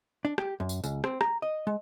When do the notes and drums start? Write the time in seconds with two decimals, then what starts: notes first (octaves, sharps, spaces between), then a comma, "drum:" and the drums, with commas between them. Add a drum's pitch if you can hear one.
0.25 D4
0.38 G4, drum: rim click
0.60 F#2
0.69 drum: tambourine
0.84 C#2, drum: tambourine
1.04 C4, drum: rim click
1.21 A#5, drum: rim click
1.42 D#5
1.67 G#3